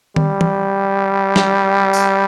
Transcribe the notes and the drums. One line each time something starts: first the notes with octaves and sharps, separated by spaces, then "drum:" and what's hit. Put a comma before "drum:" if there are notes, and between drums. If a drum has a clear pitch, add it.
G3, drum: tom D#3
drum: tom E3
drum: snare
drum: tambourine